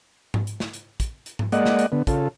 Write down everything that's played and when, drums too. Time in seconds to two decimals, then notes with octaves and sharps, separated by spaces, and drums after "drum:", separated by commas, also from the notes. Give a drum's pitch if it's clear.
0.34 drum: tom G#2
0.47 drum: hi-hat
0.60 drum: snare
0.73 drum: hi-hat
1.00 drum: kick, hi-hat
1.26 drum: hi-hat
1.39 drum: tom G#2
1.52 G#3 A#3 D5 D#5 F#5, drum: hi-hat
1.66 drum: snare
1.79 drum: hi-hat
1.92 D3 B3
2.07 C#3 F4 A4, drum: kick, hi-hat